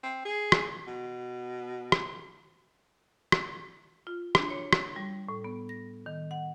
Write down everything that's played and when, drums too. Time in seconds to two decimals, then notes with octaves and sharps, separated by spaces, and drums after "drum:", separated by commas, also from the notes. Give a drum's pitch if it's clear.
0.03 C4
0.25 G#4
0.52 drum: rim click
0.87 B2
1.92 drum: rim click
3.32 drum: rim click
4.07 F4
4.35 D4, drum: rim click
4.50 C#5
4.73 drum: rim click
4.96 G3
5.29 A2
5.44 B3
5.69 A#6
6.06 D#3
6.31 F#5